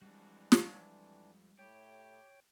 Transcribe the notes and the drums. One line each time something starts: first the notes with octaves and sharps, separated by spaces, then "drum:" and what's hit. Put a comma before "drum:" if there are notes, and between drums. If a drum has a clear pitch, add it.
F2 E3 G3 G#3 D4 F#4
drum: snare
A2 A3 E4 G4 C#5 G5